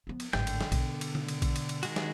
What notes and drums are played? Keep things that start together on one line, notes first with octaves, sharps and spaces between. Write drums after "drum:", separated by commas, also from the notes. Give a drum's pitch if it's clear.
F3 B3
drum: cymbal
G#1 A2 D3 G5 G6, drum: snare
drum: cymbal
drum: snare
B2, drum: kick A#1, cymbal
drum: cymbal
drum: tom C#3
drum: cymbal
drum: kick A#1, cymbal
drum: cymbal
drum: cymbal
D#3 G#3 F#4, drum: cymbal
drum: snare